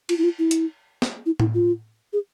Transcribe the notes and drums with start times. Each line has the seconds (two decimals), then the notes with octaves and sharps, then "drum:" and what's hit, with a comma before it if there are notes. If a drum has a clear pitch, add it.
0.09 F4, drum: cymbal
0.18 E4
0.24 F4
0.39 E4
0.51 drum: hi-hat
1.02 drum: snare
1.26 E4
1.40 E4, drum: tom A2
1.54 F4
2.13 G#4